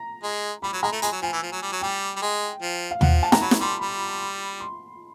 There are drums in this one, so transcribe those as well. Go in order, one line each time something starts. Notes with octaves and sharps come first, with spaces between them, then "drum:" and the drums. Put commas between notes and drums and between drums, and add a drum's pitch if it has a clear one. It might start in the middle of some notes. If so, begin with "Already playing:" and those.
Already playing: A#5
G#3
G3 B5
F#3
G#3 A#5
A3
G#3 G#5, drum: hi-hat
F#3
F3 G#5
E3
F3
F#3
G3
F#3
G3 G5
G3
G#3
F3
F5
F3 F#5, drum: tom D#2
A5
A#5, drum: snare
F#3 B5
drum: snare
G3 C6
G3 B5
C6